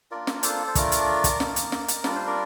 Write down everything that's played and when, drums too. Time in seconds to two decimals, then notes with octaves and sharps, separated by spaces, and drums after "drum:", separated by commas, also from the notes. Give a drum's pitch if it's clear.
0.11 A#3 D4 F4 A#4 D5
0.27 drum: snare
0.43 A4 C5, drum: hi-hat
0.67 C5
0.75 A3 D4 F4 A#4 D5, drum: kick, hi-hat
0.92 drum: hi-hat
1.24 drum: kick, hi-hat
1.40 A#3 D#4, drum: snare
1.56 drum: hi-hat
1.72 drum: snare
1.88 drum: hi-hat
2.04 G3 D4 F4 D5, drum: snare
2.16 C5
2.27 A#4 D5